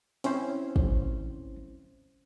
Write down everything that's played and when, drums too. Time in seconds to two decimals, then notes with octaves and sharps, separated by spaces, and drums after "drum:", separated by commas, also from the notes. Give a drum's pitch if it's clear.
0.24 C4 C#4 E4 C5, drum: hi-hat
0.76 drum: kick